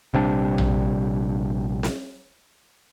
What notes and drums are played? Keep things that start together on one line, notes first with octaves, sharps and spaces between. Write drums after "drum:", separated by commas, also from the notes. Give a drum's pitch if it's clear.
A#1 C3 G3 D4
drum: tom A#1
drum: snare